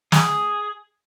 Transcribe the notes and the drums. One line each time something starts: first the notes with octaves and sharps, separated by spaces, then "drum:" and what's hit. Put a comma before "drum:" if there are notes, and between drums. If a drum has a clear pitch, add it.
G#4, drum: snare